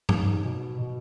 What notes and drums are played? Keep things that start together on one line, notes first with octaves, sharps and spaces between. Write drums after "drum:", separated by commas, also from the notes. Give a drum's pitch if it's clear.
G#2, drum: tom G2
B2
B2